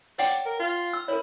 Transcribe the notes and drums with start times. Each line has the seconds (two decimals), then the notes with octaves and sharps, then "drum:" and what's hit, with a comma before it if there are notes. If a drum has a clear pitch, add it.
0.18 C#5 D5 F#5 G5, drum: open hi-hat
0.46 A#4
0.60 F4
0.93 E6
1.08 E4 A#4 B4 C#5